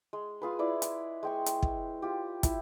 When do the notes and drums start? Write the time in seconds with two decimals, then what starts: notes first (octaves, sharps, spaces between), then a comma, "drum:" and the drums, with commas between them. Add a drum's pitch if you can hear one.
0.13 G#3
0.42 F4 G#4 B4
0.59 E4 B4 D5
0.82 drum: hi-hat
1.23 G#3 G5 C#6
1.46 drum: hi-hat
1.63 drum: kick
2.02 F4 G4
2.43 E4, drum: kick, hi-hat